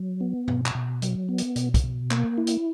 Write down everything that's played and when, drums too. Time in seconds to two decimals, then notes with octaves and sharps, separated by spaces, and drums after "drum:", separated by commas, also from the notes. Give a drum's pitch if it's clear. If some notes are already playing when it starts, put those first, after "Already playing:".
Already playing: F#3
0.21 B3
0.48 B2, drum: tom G2
0.66 drum: clap
0.75 B2
1.02 F#3, drum: hi-hat
1.29 B3
1.38 drum: hi-hat
1.56 B2, drum: hi-hat
1.74 drum: kick, hi-hat
1.84 B2
2.11 A#3, drum: clap
2.38 E4
2.47 drum: hi-hat